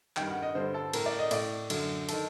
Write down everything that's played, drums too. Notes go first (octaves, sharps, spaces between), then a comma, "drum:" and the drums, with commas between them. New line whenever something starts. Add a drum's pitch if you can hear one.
G2 D#3 G5, drum: clap
F#5
D#5
G2 D3 C5
A4
A2 A#4, drum: cymbal
D5
D#5
A2 D5, drum: cymbal
F#2 D3, drum: cymbal
D#3 A4, drum: cymbal